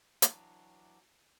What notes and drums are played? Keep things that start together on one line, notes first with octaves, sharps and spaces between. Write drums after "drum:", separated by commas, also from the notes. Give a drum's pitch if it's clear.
E3 F#3 D4, drum: hi-hat